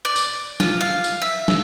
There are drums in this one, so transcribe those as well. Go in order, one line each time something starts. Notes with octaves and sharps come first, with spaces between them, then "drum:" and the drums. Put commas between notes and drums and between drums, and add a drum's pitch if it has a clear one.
D5
drum: tambourine
F4, drum: snare
F5
drum: tambourine
E5
drum: snare